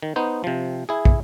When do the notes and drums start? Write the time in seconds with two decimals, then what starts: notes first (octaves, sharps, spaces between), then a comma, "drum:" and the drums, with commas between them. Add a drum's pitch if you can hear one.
0.03 D#3
0.16 B3 D#4 C5
0.44 C3 F3
0.89 E4 G#4
1.05 drum: kick